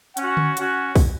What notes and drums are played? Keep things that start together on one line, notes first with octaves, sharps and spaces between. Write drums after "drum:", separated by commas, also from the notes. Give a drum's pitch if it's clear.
C#4 F#4 F#5, drum: hi-hat
drum: tom D3
C#4 F#4, drum: hi-hat
drum: kick B1, open hi-hat